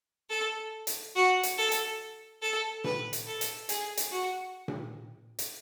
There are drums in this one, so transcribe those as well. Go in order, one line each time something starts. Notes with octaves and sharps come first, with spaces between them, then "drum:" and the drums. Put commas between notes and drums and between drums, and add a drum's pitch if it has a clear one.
A4
drum: hi-hat
F#4
drum: hi-hat
A4
drum: hi-hat
A4
B4, drum: tom A#2
drum: hi-hat
A4
drum: hi-hat
G#4, drum: hi-hat
drum: hi-hat
F#4
drum: tom A#2
drum: hi-hat